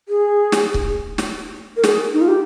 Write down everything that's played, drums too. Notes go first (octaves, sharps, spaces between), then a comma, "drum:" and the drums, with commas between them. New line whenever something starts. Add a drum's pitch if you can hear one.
G#4
drum: snare
drum: kick C#1
drum: snare
A#4
G#4, drum: snare
D#4
F4
G4